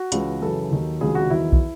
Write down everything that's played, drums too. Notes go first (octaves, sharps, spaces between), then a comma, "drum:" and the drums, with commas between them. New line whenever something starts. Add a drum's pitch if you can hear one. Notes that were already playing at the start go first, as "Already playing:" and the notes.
Already playing: F#4
C#2 C#3 E3, drum: hi-hat
F#2 C#3 E3 A4
D#2 D#3 F#3
C#2 C3 D#3 F#3 G#4
F#4
E2 D#3 F#3 E4
drum: kick